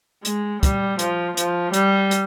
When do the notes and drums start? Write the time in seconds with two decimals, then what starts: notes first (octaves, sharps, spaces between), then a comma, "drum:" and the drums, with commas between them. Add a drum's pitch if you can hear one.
0.25 G#3, drum: hi-hat
0.63 G3, drum: kick, hi-hat
0.99 F3, drum: hi-hat
1.37 F3, drum: hi-hat
1.74 G3, drum: hi-hat
2.11 drum: hi-hat